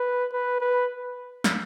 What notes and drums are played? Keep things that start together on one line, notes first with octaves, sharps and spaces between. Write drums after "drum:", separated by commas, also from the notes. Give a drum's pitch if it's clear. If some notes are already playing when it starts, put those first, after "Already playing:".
Already playing: B4
B4
B4
drum: snare